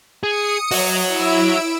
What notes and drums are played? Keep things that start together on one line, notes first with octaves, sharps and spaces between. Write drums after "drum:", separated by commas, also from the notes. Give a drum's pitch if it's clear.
G#4 D#6 C#7
F#4 C#5, drum: open hi-hat
E4 E6 D7